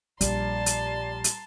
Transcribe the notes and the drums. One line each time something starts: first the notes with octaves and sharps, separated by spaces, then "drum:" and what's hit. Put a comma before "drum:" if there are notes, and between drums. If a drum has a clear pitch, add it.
A#1 G3 D5 A5 A#5 C6, drum: hi-hat
drum: hi-hat
drum: hi-hat